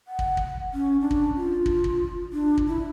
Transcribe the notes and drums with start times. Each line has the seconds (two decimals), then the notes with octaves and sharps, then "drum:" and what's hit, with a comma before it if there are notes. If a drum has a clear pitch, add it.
0.08 F#5
0.19 drum: kick
0.37 drum: kick
0.74 C#4
1.00 D4
1.11 drum: kick
1.36 F4
1.66 drum: kick
1.84 drum: kick
2.33 D4
2.57 drum: kick
2.67 E4